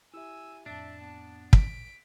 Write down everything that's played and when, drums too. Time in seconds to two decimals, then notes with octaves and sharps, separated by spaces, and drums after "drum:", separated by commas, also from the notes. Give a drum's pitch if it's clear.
0.14 E4 G4 E5 G#5 E6
0.66 F2 A2 D4 E5 A5
1.01 B3
1.53 B6 D7, drum: kick